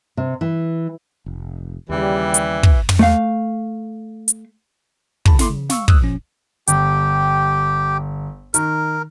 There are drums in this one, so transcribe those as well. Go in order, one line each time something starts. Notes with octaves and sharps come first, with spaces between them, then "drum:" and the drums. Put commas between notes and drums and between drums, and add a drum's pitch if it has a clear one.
C3
E3
F1
D#2 C#3 E3 G3
drum: hi-hat
drum: kick
drum: tom
A3 F5
drum: hi-hat
G1 C#3 A5 B5, drum: kick
E4 A4 C6 D6, drum: snare
C#3
F5 C#6 E6, drum: snare
C#2 D#6 E6 F#6, drum: kick
A#2 F3 C#4
G1 G4 G5, drum: hi-hat
D#3 A#4, drum: hi-hat